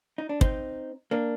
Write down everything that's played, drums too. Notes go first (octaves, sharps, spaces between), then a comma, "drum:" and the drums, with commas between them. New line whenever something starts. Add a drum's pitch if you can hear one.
D#4
D4
C4 D#4, drum: kick
A#3 D4